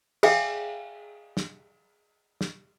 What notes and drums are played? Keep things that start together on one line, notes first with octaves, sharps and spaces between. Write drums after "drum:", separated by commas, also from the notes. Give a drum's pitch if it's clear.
G#4 D5 E5 F5 G5 G#5, drum: cymbal
drum: snare
drum: snare